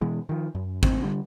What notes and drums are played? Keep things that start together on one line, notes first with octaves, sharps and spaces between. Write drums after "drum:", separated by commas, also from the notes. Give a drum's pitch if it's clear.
B2 E3 G#3
D#3 F3
F#2
A1 G#2 C4, drum: kick G#1
D3 G3